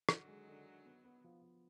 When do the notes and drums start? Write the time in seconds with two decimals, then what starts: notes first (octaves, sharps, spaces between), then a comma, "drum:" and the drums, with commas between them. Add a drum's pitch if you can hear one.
0.09 D3 D#3 F#3, drum: rim click
0.28 G#3
0.48 D3
0.66 D3
0.86 B3
1.04 B3
1.24 F3
1.43 F3